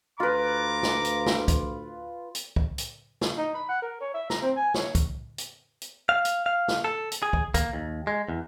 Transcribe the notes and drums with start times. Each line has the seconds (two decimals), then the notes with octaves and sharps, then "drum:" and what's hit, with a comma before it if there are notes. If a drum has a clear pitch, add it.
0.20 D2 F4 B4 A#5 D6
0.83 drum: snare
1.05 drum: hi-hat
1.26 drum: snare
1.48 drum: kick, hi-hat
2.35 drum: hi-hat
2.56 drum: kick
2.78 drum: hi-hat
3.21 drum: snare
3.37 D#4
3.54 B5
3.69 F#5
3.82 A#4
4.01 C#5
4.14 E5
4.30 A#5, drum: snare
4.42 C4
4.56 G#5
4.74 C#5, drum: snare
4.95 drum: kick, hi-hat
5.38 drum: hi-hat
5.82 drum: hi-hat
6.09 F5
6.25 drum: hi-hat
6.46 F5
6.68 drum: snare
6.84 A4
7.12 drum: hi-hat
7.23 G#4
7.33 drum: kick
7.54 A#3, drum: kick, hi-hat
7.73 D#2
8.07 G#3
8.28 E2